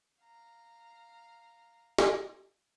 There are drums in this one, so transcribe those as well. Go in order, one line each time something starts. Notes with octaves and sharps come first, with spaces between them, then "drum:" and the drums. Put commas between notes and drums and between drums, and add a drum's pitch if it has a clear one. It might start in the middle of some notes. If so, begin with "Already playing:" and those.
F5 A#5
drum: snare